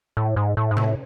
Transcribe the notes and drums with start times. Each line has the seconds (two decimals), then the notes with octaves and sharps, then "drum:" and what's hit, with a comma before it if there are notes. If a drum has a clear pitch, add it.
0.17 A2
0.36 G#2
0.57 A2
0.71 G#2
0.77 A2, drum: tom C3